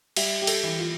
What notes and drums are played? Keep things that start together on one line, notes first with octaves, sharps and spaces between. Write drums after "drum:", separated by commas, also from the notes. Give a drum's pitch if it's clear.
G3 E5, drum: cymbal
G4
A4, drum: cymbal
E3
F4